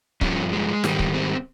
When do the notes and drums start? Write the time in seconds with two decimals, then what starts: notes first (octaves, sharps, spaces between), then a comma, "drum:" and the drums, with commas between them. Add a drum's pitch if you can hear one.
0.21 G2 F3 C#4, drum: kick C#1
0.53 G#3
0.84 G#2 D#3 G3, drum: snare
0.99 drum: kick C#1
1.14 C4